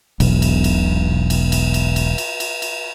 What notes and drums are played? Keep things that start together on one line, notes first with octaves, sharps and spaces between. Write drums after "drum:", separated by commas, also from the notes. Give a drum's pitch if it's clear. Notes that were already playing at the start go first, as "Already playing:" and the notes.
E1 B1, drum: cymbal
drum: cymbal
drum: cymbal
drum: cymbal
drum: cymbal
drum: cymbal
drum: cymbal
drum: cymbal
drum: cymbal
drum: cymbal